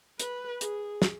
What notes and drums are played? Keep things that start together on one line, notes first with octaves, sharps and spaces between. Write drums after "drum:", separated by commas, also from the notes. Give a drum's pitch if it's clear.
B4, drum: hi-hat
G#4, drum: hi-hat
drum: snare